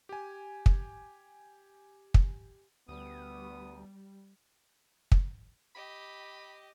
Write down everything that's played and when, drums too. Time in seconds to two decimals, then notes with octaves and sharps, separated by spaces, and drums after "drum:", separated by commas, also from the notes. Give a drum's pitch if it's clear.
0.09 G4 G#5
0.66 drum: kick
2.14 drum: kick
2.89 D2 G3 B3 D#6
5.12 drum: kick
5.75 G4 D#5 B5